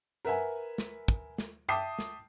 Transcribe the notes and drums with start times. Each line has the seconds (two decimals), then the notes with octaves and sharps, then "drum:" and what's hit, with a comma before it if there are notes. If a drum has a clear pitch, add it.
0.25 A#4 B4 E5 F#5 G#5
0.78 drum: snare
1.08 drum: kick, hi-hat
1.38 drum: snare
1.68 E5 G5 A5 D6 D#6 C7, drum: hi-hat
1.99 drum: snare